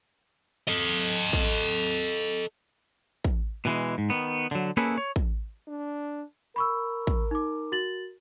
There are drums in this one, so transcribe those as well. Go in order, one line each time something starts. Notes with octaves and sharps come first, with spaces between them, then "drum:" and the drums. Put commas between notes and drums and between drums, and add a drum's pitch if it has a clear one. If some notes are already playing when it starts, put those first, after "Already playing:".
A4 D#5
drum: kick
drum: kick
B2 E3 G#3
G#2
D#3 B3
D3 F#3
A#3 C#4 E4 G#4 A4 B4
C#5
drum: kick
D4
A#4 B5 C#6 E6
drum: kick
D#4 D6
F#4 A6 F#7